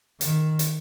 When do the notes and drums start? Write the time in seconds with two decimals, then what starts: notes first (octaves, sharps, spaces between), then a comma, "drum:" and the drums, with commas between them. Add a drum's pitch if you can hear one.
0.21 D#3, drum: hi-hat
0.59 drum: hi-hat